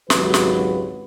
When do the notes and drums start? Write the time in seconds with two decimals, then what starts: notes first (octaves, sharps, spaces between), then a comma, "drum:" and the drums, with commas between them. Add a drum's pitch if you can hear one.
0.10 G#1 C#2 F#3 F#4 G4 B4, drum: snare
0.34 drum: snare